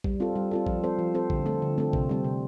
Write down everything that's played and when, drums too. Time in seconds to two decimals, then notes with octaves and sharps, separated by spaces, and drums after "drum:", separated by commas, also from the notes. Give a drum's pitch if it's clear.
0.04 G3, drum: kick
0.20 C4 F4 A4
0.36 G3
0.51 C4 F4 A4
0.67 F3, drum: kick
0.83 C4 A4 C5
0.99 F3
1.15 C4 A4 C5
1.30 D3, drum: kick
1.46 A3 C4 A4
1.62 D3
1.78 A3 C4 A4
1.93 C3, drum: kick
2.09 G3 C4
2.24 C3